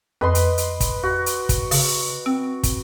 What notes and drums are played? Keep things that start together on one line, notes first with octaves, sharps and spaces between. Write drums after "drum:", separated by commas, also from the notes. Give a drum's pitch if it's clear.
F2 B4 D#5 C6
drum: hi-hat
drum: hi-hat
drum: kick, hi-hat
F#4
drum: hi-hat
drum: kick, hi-hat
C#3, drum: open hi-hat
C4
drum: kick, hi-hat